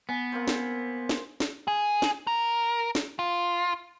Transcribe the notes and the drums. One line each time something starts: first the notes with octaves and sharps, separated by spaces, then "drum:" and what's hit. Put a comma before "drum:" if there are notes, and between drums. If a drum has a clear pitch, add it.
B3 G#5
A#3 C4 C5
drum: snare
drum: snare
drum: snare
G#4
drum: snare
A#4
drum: snare
F4